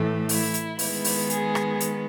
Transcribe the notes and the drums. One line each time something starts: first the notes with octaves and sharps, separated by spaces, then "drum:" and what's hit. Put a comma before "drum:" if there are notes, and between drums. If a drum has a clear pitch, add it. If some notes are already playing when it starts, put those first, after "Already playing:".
Already playing: A2 E3 A3
E4, drum: open hi-hat
drum: hi-hat
D#3 G#3 B3 E4, drum: open hi-hat
drum: open hi-hat
G#4, drum: hi-hat
drum: rim click
drum: hi-hat